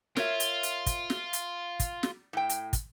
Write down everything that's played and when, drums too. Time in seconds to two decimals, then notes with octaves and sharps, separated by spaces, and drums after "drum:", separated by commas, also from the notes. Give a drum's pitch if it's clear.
0.17 F4 A#4 C#5 E5, drum: snare
0.40 drum: hi-hat
0.63 drum: hi-hat
0.86 drum: kick, hi-hat
1.10 drum: snare
1.33 drum: hi-hat
1.80 drum: kick, hi-hat
2.03 drum: snare
2.33 A2 G5
2.50 drum: hi-hat
2.73 drum: kick, hi-hat